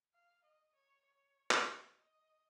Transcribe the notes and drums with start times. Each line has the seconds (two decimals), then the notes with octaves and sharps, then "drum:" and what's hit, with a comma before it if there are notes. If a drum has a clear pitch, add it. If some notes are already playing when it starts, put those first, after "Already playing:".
0.14 F5
0.44 D#5
0.75 C#5
1.06 C#5
1.51 drum: clap
1.97 D#5